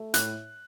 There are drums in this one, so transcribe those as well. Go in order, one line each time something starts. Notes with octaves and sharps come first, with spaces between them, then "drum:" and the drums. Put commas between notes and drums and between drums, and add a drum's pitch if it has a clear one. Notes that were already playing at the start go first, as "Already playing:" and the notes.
Already playing: A3
A2 F#6, drum: hi-hat